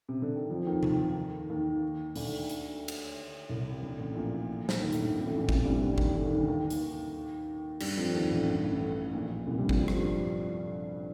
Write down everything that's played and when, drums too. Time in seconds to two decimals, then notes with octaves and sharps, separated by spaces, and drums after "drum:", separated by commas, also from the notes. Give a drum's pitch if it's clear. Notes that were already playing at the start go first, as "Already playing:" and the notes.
0.09 C3
0.22 D3
0.36 D#3
0.50 F2 F3
0.66 D#2 D#3
0.83 D#2 D#3, drum: tom C3
1.00 D#2 D#3
1.50 D#2 D#3
2.16 D2 D3, drum: open hi-hat
2.49 drum: hi-hat
2.88 drum: cymbal
3.49 C2 C3
3.82 D2 D3
3.98 A1 A2
4.15 A#1 A#2
4.69 drum: snare
4.81 D#2 D#3
4.92 A2, drum: hi-hat
4.98 G2
5.16 F2
5.26 A1 A2
5.37 A#1 A#2
5.49 C2 C3, drum: kick
5.64 G2 G3
5.81 G2 G3
5.98 D#2 D#3, drum: kick
6.15 D2 D3
6.26 D#2 D#3
6.37 D2 D3
6.47 D#2 D#3
6.70 drum: hi-hat
7.80 G2 G3, drum: cymbal
7.97 F2 F3
8.14 D#2 D#3
8.31 A1 A2
8.48 G2
8.64 A1 A2
9.14 A#1 A#2
9.47 C2 C3
9.58 G2 G3
9.69 F2 F3, drum: kick
9.80 G3
9.88 F3, drum: rim click
9.96 G2 G3